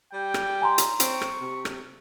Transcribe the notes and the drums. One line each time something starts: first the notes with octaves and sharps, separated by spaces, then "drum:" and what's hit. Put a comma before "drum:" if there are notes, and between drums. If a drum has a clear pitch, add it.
G3 G5
drum: rim click
G#5 A#5 C6
drum: hi-hat
C4 C#6, drum: hi-hat
drum: rim click
C3
drum: rim click